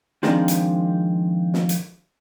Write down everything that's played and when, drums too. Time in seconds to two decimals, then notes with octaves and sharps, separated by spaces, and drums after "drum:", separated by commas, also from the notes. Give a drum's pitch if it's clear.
0.23 D#3 F3 G#3 C4 D4 F4, drum: snare
0.48 drum: hi-hat
1.54 drum: snare
1.69 drum: hi-hat